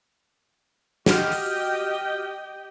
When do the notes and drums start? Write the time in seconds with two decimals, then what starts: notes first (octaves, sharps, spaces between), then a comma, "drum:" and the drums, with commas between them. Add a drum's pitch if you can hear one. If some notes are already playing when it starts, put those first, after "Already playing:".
1.06 F#4 G4 D#5 G5 F6, drum: snare
1.32 drum: open hi-hat